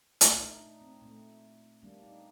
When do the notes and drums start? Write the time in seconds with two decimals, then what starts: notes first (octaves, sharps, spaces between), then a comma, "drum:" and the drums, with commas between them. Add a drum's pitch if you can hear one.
0.21 A#2 A3 D4, drum: hi-hat
0.41 D#4
0.61 D#4
0.82 C4
1.02 A#2 A3 C4
1.83 D#3 G3 A#3 D4
2.03 D#4